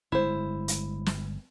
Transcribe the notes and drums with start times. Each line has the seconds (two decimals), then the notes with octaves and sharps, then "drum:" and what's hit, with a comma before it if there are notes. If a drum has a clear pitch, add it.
0.12 G1 G#3 E4 C5
0.68 drum: hi-hat
1.06 drum: snare